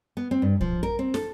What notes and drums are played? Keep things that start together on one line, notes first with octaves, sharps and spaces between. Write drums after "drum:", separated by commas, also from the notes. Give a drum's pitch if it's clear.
B3
C4
G2
F3, drum: kick A#1
A#4
C4
A4, drum: snare